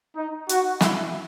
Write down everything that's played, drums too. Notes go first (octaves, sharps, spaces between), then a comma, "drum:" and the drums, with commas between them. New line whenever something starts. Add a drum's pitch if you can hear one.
D#4
F#4, drum: hi-hat
E4, drum: snare